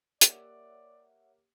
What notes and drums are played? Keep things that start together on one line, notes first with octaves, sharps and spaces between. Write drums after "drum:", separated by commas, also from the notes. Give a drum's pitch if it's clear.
A#3 G4 C#5 D5 E5 F#5, drum: hi-hat